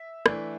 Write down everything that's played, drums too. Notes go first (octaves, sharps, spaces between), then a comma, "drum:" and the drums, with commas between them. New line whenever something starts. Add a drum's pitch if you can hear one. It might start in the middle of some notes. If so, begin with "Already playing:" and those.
Already playing: E5
E3 A3 D4, drum: rim click